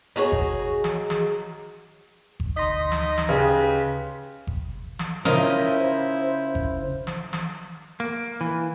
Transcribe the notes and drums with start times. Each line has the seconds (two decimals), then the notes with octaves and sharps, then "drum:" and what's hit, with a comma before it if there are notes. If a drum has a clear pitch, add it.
0.16 D#4 F#4 G#4 C#5
0.32 drum: kick G1
0.84 drum: snare
1.10 drum: snare
2.40 drum: kick G1
2.57 D2 D#4 D#5 C6 B6
2.92 drum: snare
3.18 drum: snare
3.29 C#3 G4 B4
4.47 drum: kick G1
4.99 drum: snare
5.25 C#3 C#4 E4 F4 A#4 C5 D#5, drum: snare
6.55 drum: kick G1
7.07 drum: snare
7.33 drum: snare
8.00 A#3
8.41 E3